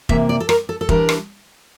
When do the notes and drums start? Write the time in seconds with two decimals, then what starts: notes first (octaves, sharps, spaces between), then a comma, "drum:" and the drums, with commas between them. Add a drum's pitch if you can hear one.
0.09 C3 E3 A#3 E5, drum: kick F1
0.29 D5
0.40 A4
0.49 A#4, drum: rim click
0.69 A4
0.81 A4
0.89 E3 G3 D4 A#4, drum: kick F1
1.09 drum: rim click